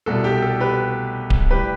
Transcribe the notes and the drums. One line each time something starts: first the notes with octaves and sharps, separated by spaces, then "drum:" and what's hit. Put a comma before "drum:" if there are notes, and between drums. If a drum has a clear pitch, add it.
C2 B2 G3 A4
G4
A4
G4 B4
drum: kick D1
A2 G3 G4 B4